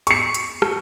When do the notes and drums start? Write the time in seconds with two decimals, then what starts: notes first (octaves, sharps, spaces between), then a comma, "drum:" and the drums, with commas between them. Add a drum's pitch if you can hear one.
0.07 C#6 C#7, drum: hi-hat
0.34 drum: hi-hat
0.62 drum: rim click